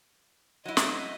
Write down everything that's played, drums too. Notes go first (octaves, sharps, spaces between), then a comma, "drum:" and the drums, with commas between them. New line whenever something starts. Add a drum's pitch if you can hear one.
F#3 E4 D#5
drum: snare